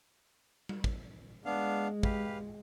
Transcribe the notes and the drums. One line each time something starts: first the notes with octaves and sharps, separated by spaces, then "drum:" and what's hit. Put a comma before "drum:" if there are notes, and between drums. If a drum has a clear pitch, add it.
drum: tom G3
drum: kick
G#3 B3 D4 F5
G4 B4 F5, drum: kick